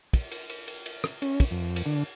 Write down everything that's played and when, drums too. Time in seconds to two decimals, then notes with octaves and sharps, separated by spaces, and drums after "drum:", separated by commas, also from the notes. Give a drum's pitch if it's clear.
0.13 drum: kick, cymbal
0.32 drum: cymbal
0.50 drum: cymbal
0.68 drum: cymbal
0.86 drum: cymbal
1.04 drum: rim click
1.22 C#4, drum: cymbal
1.40 drum: kick, cymbal
1.51 F2
1.76 drum: cymbal
1.86 D3